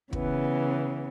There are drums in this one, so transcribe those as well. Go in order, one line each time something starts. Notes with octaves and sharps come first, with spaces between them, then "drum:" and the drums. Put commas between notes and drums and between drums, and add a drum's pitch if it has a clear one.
C#3 E3 B3, drum: kick